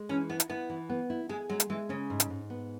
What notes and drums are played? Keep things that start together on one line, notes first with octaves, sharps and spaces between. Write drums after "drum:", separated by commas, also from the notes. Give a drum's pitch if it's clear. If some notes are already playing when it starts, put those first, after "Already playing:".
Already playing: G#3
E3 C#4
B3 E4
drum: hi-hat
B3 E4
E3
B3
E4
G#3 G#4
F#3 G#3
drum: hi-hat
E3 G#3
C#3 C#4
G#2
drum: hi-hat
G#2
B3